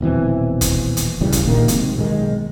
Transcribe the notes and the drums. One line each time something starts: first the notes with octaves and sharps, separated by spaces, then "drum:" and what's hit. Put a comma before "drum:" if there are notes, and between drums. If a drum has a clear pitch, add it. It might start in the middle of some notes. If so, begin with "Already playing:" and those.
D#1 B2 E3 C4
drum: kick, hi-hat
drum: hi-hat
A1 C#3 E3 G3
drum: kick, hi-hat
A#1 A#2 D#3 A#3
G#2 C3, drum: hi-hat
B1 G#2 D#3 G#3